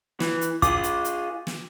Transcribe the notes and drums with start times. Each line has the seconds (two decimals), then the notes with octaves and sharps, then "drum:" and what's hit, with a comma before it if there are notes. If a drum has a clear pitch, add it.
0.20 E3, drum: snare
0.41 drum: hi-hat
0.62 F4 G#4 D6, drum: kick, hi-hat
0.83 drum: hi-hat
1.04 drum: hi-hat
1.47 drum: snare